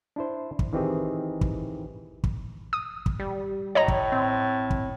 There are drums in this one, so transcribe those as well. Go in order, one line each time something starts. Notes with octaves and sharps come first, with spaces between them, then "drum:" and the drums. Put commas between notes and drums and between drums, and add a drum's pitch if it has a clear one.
D4 E4 C5
drum: kick
D#3 E3 C4 D#4 G4 G#4
drum: kick
drum: kick
D#6
drum: kick
G3
A2 C#5 D#5 A#5
drum: kick
C4
drum: kick